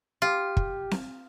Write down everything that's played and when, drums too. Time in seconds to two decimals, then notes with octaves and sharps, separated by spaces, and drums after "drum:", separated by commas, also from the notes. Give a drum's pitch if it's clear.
0.22 F4 G4
0.57 drum: kick
0.91 drum: snare C4